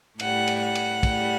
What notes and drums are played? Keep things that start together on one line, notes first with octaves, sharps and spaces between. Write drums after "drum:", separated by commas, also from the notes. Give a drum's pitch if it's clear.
A2 G3 F#5, drum: cymbal
drum: cymbal
F#5
drum: cymbal
A2 G3, drum: kick, cymbal